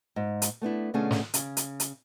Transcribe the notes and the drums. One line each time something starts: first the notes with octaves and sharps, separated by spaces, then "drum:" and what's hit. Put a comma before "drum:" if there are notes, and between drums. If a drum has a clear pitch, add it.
G#2
drum: hi-hat
A3 B3 D4 E4
B2 D3 A3 C#4 F4 G#4
drum: snare
C#3, drum: hi-hat
drum: hi-hat
drum: hi-hat